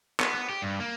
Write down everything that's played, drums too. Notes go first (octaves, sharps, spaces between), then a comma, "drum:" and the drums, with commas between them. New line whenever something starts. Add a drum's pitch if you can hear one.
B3, drum: clap
B3
G4
G2
A#3